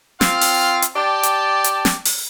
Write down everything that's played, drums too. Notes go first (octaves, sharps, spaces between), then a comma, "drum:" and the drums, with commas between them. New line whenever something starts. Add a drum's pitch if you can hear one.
C4 F4 F5, drum: snare
drum: open hi-hat
drum: hi-hat
G4 D5 G5 A5
drum: hi-hat
drum: hi-hat
drum: snare
drum: open hi-hat